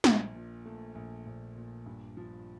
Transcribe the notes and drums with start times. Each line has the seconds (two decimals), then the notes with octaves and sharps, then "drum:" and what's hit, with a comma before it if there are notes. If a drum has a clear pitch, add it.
0.04 A#1, drum: snare
0.34 A#2
0.65 A3
0.95 A#1
1.26 A#1
1.56 A#2
1.86 G2
2.17 F3